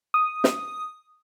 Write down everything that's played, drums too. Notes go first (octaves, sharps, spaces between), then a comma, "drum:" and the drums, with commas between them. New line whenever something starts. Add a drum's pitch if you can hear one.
D#6
drum: snare